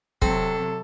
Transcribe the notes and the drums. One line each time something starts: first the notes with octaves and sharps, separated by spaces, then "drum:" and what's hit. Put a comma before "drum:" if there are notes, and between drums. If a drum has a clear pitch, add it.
C3 F#3 C4 A4, drum: kick